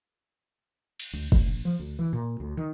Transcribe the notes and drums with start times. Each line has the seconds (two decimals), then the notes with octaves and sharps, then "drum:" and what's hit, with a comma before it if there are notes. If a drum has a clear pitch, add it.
1.00 drum: cymbal
1.13 D2
1.32 F1, drum: kick
1.47 A#1
1.65 F3
1.79 D2
1.99 E3
2.13 A#2
2.40 D2
2.57 D#3